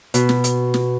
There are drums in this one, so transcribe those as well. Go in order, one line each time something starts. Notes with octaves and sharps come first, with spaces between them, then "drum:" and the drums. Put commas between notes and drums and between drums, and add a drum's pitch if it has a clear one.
B2, drum: hi-hat
drum: snare
drum: hi-hat
drum: snare